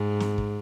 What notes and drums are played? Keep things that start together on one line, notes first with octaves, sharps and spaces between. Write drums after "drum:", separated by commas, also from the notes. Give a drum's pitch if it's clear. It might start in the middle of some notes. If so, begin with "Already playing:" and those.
Already playing: G#2
drum: snare
drum: kick